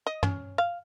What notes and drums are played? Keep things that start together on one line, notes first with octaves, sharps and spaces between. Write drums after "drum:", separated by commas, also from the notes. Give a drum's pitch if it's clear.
D#5
C#4, drum: tom
F5